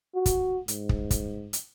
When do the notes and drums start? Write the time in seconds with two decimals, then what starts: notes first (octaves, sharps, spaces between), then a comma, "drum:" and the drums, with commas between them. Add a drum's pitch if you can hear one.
0.15 F#4
0.26 drum: kick, hi-hat
0.68 G#2, drum: hi-hat
0.89 drum: kick
1.11 drum: kick, hi-hat
1.53 drum: hi-hat